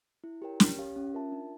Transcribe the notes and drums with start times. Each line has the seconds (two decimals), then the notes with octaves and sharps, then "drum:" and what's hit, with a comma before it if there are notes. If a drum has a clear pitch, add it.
0.24 E4
0.42 G4 A#4 C#5 G5
0.60 C#4, drum: snare
0.78 G4 C#5 F5
0.96 C#4
1.14 F4 A#4 E5 A5
1.32 D4